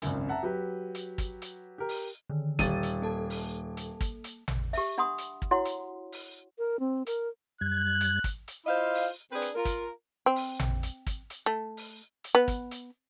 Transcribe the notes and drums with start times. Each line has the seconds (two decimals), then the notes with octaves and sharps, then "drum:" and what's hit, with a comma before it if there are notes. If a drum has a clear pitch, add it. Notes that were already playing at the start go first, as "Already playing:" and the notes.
0.02 G#1 C#2 F#2, drum: hi-hat
0.28 E5 F#5 A5 A#5
0.43 F#3 G4 B4
0.95 drum: hi-hat
1.18 drum: kick, hi-hat
1.42 drum: hi-hat
1.78 G4 A#4
1.89 drum: open hi-hat
2.30 D3 D#3
2.59 D#1 E6 A6 D#7, drum: kick, hi-hat
2.83 drum: hi-hat
3.02 A#3 A4 A5
3.30 drum: open hi-hat
3.77 drum: hi-hat
4.01 drum: kick, hi-hat
4.24 drum: hi-hat
4.48 drum: tom A1
4.73 G4 E5, drum: open hi-hat
4.98 D4 F#5 B5 C6 D#6
5.18 drum: hi-hat
5.42 drum: kick
5.51 E4 F#4 C#5 F#5 C6
5.65 drum: hi-hat
6.12 drum: open hi-hat
6.58 A#4
6.80 C4
7.06 A#4, drum: hi-hat
7.61 F#2 G3 F#6 G#6
8.01 drum: hi-hat
8.24 drum: kick, hi-hat
8.48 drum: hi-hat
8.66 E4 F4 C5 D#5 F5
8.95 drum: open hi-hat
9.32 C4 D4 G#4 B4
9.42 drum: hi-hat
9.55 F4 A#4
9.65 drum: kick, hi-hat
10.26 C4
10.36 drum: open hi-hat
10.59 drum: tom A1
10.83 drum: hi-hat
11.07 drum: kick, hi-hat
11.30 drum: hi-hat
11.46 A3
11.77 drum: open hi-hat
12.24 drum: hi-hat
12.35 B3
12.48 drum: kick, hi-hat
12.71 drum: hi-hat